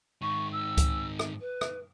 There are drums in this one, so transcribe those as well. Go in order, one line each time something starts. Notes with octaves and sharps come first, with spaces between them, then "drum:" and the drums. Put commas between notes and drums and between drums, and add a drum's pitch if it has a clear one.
G#2 D#3 C#6
E6
drum: kick C#2, hi-hat
drum: rim click
B4
drum: rim click